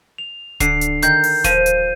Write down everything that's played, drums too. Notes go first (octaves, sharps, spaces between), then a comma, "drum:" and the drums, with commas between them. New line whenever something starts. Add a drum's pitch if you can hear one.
F7
D3 C7, drum: kick D1, hi-hat
drum: hi-hat
D#3 G6, drum: hi-hat
drum: open hi-hat
F3 D#7, drum: kick D1, hi-hat
drum: hi-hat